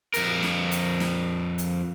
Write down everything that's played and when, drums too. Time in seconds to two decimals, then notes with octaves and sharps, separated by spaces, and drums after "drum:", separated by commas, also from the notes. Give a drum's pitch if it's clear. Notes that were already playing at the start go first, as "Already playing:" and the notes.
0.14 F2 A#4, drum: hi-hat
0.43 drum: snare
0.71 drum: hi-hat
1.00 drum: snare
1.58 drum: hi-hat